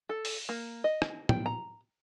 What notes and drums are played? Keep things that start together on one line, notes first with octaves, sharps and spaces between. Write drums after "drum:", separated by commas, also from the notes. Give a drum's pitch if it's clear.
A4
drum: open hi-hat
A#3
D#5
drum: rim click
G5, drum: tom
A#5